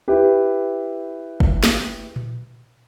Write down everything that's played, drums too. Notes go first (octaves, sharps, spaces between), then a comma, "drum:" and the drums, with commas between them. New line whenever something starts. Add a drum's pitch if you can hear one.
E4 G4 B4
drum: kick
drum: snare
drum: tom A#2